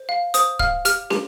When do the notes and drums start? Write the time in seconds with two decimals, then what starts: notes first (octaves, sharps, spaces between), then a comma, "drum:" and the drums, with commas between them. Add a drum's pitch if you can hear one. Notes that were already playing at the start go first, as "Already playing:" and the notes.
Already playing: C5
0.09 F5
0.34 C5 D#6, drum: hi-hat
0.59 F5 F6, drum: kick C#1
0.85 G4 F6, drum: hi-hat
1.11 G4, drum: snare